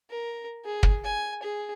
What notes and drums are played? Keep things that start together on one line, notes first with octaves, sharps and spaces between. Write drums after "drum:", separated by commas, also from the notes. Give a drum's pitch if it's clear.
A#4
G#4
drum: kick
G#5
G#4